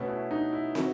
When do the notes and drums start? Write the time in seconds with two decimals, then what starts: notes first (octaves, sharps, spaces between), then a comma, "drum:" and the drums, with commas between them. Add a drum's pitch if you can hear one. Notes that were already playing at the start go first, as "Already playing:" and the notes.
Already playing: B2 A3 C#4 B4
0.08 E4
0.31 D#4
0.53 E4
0.75 F#4, drum: snare